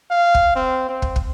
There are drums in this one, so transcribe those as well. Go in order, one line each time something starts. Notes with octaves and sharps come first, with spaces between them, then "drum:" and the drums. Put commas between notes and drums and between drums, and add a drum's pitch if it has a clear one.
F5
drum: kick
C4
C4
drum: kick
drum: kick